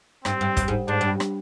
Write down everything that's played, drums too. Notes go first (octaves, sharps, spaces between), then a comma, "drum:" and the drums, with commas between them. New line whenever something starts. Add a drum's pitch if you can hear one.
G2 C4, drum: rim click
G2
G2, drum: kick, hi-hat
G#2
G#2 D4
G2
drum: rim click